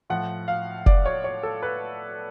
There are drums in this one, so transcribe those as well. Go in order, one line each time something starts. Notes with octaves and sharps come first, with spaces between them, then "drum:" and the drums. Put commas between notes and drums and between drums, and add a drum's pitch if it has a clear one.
A2 F3 F#5
F5
D5, drum: kick F1
C#5
C#5
A4
B4